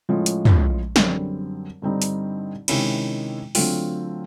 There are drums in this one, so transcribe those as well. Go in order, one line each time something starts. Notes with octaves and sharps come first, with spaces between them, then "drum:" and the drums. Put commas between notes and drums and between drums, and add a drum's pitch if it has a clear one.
A2 F3 G#3 C#4
drum: hi-hat
drum: tom
F#2 D3 G3 C4, drum: snare
G2 D3 G3 C4 D#4
drum: hi-hat
C3 D#3 G#3 C#4 E4, drum: cymbal
D3 F#3 A3 C4 F4, drum: open hi-hat